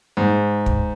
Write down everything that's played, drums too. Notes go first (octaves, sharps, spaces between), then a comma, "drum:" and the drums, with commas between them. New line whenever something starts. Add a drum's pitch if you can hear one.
G#2
drum: kick